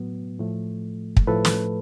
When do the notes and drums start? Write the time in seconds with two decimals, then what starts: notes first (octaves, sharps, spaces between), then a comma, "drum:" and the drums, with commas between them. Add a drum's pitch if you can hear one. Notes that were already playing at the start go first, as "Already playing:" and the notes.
Already playing: A2 F#3 B3
0.39 A2 F3 A3
1.17 drum: kick
1.27 A2 F3 A3 A4 B4
1.45 drum: snare